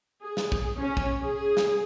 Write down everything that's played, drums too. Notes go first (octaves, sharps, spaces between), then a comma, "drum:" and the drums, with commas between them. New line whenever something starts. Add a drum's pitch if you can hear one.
G#4
drum: snare
drum: kick
C#4
drum: kick
G#4
drum: snare